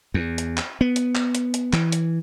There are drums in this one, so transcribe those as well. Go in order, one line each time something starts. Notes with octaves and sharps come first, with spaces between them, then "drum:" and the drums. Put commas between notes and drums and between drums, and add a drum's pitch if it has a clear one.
E2
drum: hi-hat
drum: clap
B3
drum: hi-hat
drum: clap
drum: hi-hat
drum: hi-hat
E3, drum: clap
drum: hi-hat